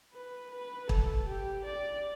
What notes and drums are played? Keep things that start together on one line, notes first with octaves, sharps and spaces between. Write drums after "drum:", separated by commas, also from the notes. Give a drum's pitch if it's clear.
B4
B4
A4, drum: kick
G4
D5